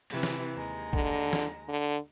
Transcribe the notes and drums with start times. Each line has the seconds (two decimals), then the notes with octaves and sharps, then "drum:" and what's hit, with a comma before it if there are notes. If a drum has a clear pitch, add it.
0.10 C3 E3, drum: cymbal
0.23 drum: snare
0.55 D#2 G#3 A#5
0.93 D3, drum: kick
1.33 drum: snare
1.69 D3